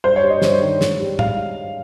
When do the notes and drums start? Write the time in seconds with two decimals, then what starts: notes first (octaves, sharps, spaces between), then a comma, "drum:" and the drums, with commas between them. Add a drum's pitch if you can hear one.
0.04 G2 C5
0.16 C#5
0.23 G3
0.30 D#5
0.42 G2, drum: snare
0.62 D#3
0.81 G#2, drum: snare
1.00 G3
1.19 G#2 F5, drum: tom A2